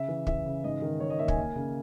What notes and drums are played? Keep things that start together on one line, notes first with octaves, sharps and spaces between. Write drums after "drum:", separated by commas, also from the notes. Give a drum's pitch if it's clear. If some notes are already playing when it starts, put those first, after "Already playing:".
Already playing: C#3 E5
E3
E3 E5, drum: kick
C#3
G#2 D#5
D#3
G#2 C#5
D#5
A#3 E5
G#5, drum: kick
A#3
C#3